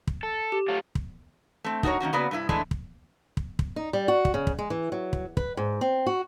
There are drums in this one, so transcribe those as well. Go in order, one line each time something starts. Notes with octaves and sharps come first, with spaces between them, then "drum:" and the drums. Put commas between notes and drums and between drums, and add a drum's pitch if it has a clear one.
drum: kick
A4
G4
F#3 A3 F4
drum: kick
A3 C4
D#4 F#4 A4 A#4 C#5, drum: kick
D#3 A#3 C#4 F#4
C#3 A#3 B3 F#4 B4 D5
G2 C3 A3 E4
D3 E3 G#3 A3 D4 E4, drum: kick
drum: kick
drum: kick
drum: kick
D#4
G3
F#4
drum: kick
C#3
drum: kick
G#3
E3
F#3
drum: kick
B4, drum: kick
G#2
C4
F#4